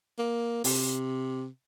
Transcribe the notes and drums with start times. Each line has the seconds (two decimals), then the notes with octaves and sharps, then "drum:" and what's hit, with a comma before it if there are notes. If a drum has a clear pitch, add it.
0.19 A#3
0.64 C3, drum: open hi-hat